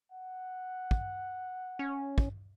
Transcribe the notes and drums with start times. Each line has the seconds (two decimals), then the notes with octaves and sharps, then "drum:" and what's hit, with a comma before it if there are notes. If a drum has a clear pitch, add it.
0.12 F#5
0.91 drum: kick
1.79 C#4
2.18 drum: kick